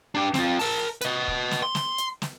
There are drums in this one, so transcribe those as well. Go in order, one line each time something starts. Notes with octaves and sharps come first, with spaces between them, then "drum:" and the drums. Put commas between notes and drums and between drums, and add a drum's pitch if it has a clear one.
D4 G4
C4 F4, drum: snare
A#4 A5, drum: open hi-hat
B4 D#5, drum: hi-hat
drum: kick
drum: snare
C6
drum: snare
drum: hi-hat
drum: snare